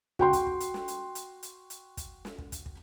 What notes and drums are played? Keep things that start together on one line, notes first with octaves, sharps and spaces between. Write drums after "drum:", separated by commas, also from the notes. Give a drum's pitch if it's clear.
F#4 G5 C6, drum: kick
drum: kick, hi-hat
drum: kick
drum: hi-hat
drum: snare
drum: hi-hat
drum: hi-hat
drum: hi-hat
drum: hi-hat
drum: kick, hi-hat
drum: snare
drum: kick
drum: kick, hi-hat
drum: kick